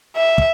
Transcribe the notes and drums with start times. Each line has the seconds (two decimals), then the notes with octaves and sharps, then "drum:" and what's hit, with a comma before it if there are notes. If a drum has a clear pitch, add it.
0.16 E5
0.38 drum: kick